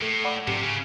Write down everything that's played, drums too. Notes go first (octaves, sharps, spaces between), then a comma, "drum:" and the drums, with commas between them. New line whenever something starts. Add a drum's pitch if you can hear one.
A2 A4
D5 F#5 B5 D6
C3 G4, drum: tom G#2
C#3